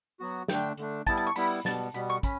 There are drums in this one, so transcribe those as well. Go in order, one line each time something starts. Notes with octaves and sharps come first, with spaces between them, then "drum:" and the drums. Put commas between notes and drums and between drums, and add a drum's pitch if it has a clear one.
F#3 B3 F#4
D3 A3 D4 G5, drum: snare
D3 A3 D4, drum: hi-hat
G3 B3 E4 A5, drum: kick, hi-hat
A5
C#6
G3 B3 E4 B5, drum: open hi-hat
B2 G3 B3 A5, drum: snare
B2 G3 B3 B5, drum: hi-hat
C#6
C#4 B5, drum: kick, hi-hat